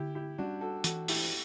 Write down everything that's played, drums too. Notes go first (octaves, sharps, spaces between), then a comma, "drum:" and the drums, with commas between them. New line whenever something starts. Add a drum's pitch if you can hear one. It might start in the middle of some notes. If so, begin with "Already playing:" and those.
Already playing: D3 E4 G4
E4 G4
G3 C#4 D4 F#4
F#4 A4
E3 F#4 A4, drum: hi-hat
E4 G4, drum: open hi-hat